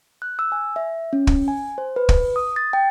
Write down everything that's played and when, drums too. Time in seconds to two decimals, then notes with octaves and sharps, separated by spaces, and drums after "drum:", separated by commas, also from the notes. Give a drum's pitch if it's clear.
0.22 F#6
0.39 E6
0.52 G#5
0.76 E5
1.13 C#4
1.27 drum: kick
1.48 G#5
1.78 C5
1.96 B4
2.09 drum: kick
2.36 D#6
2.56 A6
2.73 G5